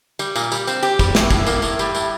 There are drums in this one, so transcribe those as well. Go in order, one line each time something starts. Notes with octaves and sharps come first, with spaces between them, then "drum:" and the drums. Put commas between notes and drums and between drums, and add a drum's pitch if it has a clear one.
G3, drum: tambourine
A#2, drum: tambourine
G3, drum: tambourine
C4, drum: tambourine
G4, drum: tambourine
G3, drum: kick, tambourine
A2, drum: snare
A2, drum: kick, tambourine
A#3, drum: tambourine
A2, drum: tambourine
G3, drum: tambourine
A2, drum: tambourine